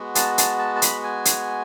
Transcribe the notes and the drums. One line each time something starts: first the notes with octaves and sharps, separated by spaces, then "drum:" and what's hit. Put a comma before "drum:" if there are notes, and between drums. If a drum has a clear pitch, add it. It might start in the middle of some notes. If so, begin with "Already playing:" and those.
Already playing: G#3 B3 F#4
A5, drum: hi-hat
A5, drum: hi-hat
A5
A5
B5, drum: hi-hat
G#5
drum: hi-hat